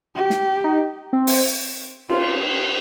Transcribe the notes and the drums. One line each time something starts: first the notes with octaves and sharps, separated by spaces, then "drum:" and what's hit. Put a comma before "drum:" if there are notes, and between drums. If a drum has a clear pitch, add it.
G4
drum: snare
D#4
C4
drum: open hi-hat
F4, drum: cymbal